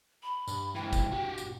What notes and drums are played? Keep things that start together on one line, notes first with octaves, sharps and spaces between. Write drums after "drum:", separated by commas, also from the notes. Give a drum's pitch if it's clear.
B5
G2, drum: tambourine
G#2 E3 G5
drum: kick, tambourine
F#4 G4
drum: tambourine